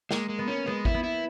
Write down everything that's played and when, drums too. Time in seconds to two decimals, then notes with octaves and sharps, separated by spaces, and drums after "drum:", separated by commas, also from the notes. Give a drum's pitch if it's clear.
0.11 G#3 A#3, drum: snare
0.29 G#3
0.39 B3
0.48 C#4
0.66 G#3 B3
0.85 E4, drum: kick G#1
0.94 B3
1.04 E4